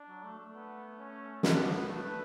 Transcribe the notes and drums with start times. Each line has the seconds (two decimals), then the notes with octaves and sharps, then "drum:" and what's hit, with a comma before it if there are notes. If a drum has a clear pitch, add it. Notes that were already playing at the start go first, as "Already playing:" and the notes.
Already playing: D4
0.09 F#3
0.24 A3
0.39 A3
0.53 B3
0.99 C#4
1.43 B3 D4, drum: snare
1.89 A3 B4
2.03 A3